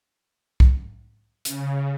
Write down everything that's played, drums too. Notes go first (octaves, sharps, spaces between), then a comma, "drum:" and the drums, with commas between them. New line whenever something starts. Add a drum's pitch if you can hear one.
drum: kick B1
C#3, drum: hi-hat